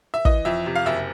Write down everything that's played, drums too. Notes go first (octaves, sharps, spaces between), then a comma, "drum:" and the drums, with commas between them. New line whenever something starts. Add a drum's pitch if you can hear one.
E5
E3 D#5, drum: kick
F2 E5
C3
F5
F#1 E5